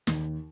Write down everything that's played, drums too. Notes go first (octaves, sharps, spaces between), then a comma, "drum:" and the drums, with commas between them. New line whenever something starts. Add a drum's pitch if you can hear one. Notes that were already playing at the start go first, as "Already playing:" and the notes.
D#2, drum: snare